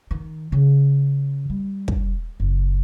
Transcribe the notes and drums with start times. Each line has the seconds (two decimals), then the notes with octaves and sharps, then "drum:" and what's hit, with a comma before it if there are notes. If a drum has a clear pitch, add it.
0.11 D#3
0.52 C#3
1.50 G3
1.88 drum: kick
2.40 F#1